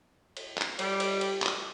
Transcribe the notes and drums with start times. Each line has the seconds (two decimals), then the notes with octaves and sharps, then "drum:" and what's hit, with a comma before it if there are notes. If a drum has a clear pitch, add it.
0.37 drum: cymbal
0.58 drum: clap
0.79 G3, drum: cymbal
1.00 drum: cymbal
1.21 drum: cymbal
1.42 drum: clap